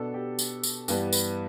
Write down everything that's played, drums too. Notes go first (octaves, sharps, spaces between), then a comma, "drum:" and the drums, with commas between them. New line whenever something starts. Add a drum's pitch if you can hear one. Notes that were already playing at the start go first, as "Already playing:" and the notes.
Already playing: B2 B3 D4 A4
G4
drum: tambourine
drum: tambourine
G2 E3 B3 D4 G4, drum: tambourine
B4, drum: tambourine